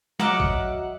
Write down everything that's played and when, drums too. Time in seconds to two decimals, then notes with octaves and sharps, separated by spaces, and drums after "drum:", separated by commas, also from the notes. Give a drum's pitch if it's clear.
0.20 F#3 D#5 E5 F#5 A#5 D6 F6 D7, drum: snare
0.40 drum: kick